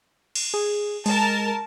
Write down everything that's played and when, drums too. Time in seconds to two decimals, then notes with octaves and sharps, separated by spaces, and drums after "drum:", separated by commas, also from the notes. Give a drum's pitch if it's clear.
0.35 drum: cymbal
0.54 G#4
1.06 G#3 A#4 A5, drum: open hi-hat